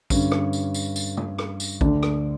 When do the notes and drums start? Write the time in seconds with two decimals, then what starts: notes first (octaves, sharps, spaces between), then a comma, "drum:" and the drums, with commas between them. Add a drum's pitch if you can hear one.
0.10 G2 D3 C#4, drum: kick A#1, tambourine
0.32 drum: rim click
0.53 drum: tambourine
0.74 drum: tambourine
0.96 drum: tambourine
1.17 drum: tom
1.39 drum: rim click
1.60 drum: tambourine
1.81 D2 D3 D4, drum: kick A#1
2.03 drum: rim click